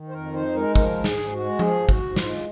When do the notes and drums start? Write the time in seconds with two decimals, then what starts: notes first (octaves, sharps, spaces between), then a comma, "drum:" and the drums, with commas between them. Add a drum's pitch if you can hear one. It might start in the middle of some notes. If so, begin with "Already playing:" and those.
Already playing: D#3
0.09 C5
0.13 F2 A#4
0.34 D#4 C5
0.54 G#3 A#4
0.76 F3 A#4, drum: kick
0.97 G#2
1.04 G#4, drum: snare
1.18 G#2
1.32 F#4
1.39 G#3
1.59 F3 G#4, drum: tom F3
1.81 G#2
1.89 F#4, drum: kick
2.01 G#2
2.16 F4, drum: snare
2.23 G#3